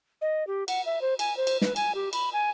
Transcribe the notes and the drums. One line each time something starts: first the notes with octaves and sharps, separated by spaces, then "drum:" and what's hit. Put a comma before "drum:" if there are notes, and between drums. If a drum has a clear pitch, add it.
D#5
G4
F#5, drum: cymbal
E5
C5
G#5, drum: cymbal
C5
drum: cymbal
B4, drum: snare
G#5, drum: cymbal
G4
B5, drum: cymbal
G#5